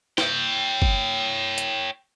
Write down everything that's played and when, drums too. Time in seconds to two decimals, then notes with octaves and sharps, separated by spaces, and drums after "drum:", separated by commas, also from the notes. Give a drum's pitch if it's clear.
0.18 C#5 G5, drum: snare
0.82 drum: kick
1.58 drum: hi-hat